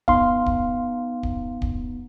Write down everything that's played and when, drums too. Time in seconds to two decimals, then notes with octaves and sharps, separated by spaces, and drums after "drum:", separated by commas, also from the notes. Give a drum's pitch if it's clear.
0.08 B3 D#4 F5 C6, drum: kick
0.46 drum: kick
1.23 drum: kick
1.62 drum: kick